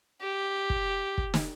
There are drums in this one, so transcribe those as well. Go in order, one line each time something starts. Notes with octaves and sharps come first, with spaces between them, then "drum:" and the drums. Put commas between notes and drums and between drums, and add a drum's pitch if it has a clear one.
G4
drum: kick
drum: kick
drum: snare